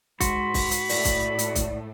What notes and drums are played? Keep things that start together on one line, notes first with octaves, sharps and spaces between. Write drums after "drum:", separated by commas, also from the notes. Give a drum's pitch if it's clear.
G#2 F#4 B5 C6, drum: kick, hi-hat
drum: kick, open hi-hat
drum: hi-hat
A2 A3 D5, drum: open hi-hat
drum: kick, hi-hat
drum: hi-hat
drum: kick, hi-hat